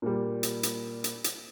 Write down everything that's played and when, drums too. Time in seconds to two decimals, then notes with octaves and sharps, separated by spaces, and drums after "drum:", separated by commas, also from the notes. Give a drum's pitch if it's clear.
0.02 A#2 G3
0.43 drum: hi-hat
0.63 drum: hi-hat
1.04 drum: hi-hat
1.24 drum: hi-hat